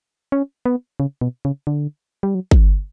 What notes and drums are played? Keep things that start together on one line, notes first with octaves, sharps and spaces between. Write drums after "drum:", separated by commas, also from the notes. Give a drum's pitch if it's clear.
C#4
B3
C#3
B2
C#3
D3
G3
F#3
drum: kick